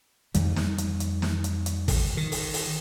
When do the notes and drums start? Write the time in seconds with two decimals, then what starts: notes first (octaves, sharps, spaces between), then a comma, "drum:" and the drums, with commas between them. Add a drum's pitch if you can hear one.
0.34 F2 D#3 G3, drum: hi-hat
0.56 drum: snare
0.78 drum: hi-hat
1.00 drum: hi-hat
1.22 drum: snare
1.44 drum: hi-hat
1.66 drum: hi-hat
1.88 drum: kick, open hi-hat
2.17 D#3
2.32 drum: open hi-hat
2.54 drum: open hi-hat